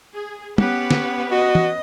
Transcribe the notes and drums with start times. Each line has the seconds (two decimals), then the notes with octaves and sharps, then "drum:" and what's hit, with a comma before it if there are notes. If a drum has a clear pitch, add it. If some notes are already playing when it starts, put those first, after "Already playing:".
0.14 G#4
0.58 B3 C#4 G4 B4 F#5, drum: tom
0.91 drum: snare
1.31 F#4 D#5
1.55 drum: tom